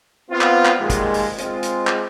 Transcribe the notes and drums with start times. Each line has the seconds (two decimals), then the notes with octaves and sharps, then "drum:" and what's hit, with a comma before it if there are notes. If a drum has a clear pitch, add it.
0.31 B3 C4 F4
0.41 drum: clap
0.65 drum: clap
0.80 A#2 D#3 F3 G3 G#3
0.90 drum: kick, hi-hat
1.14 drum: open hi-hat
1.38 G#3 C4 F4, drum: hi-hat
1.63 drum: hi-hat
1.87 drum: clap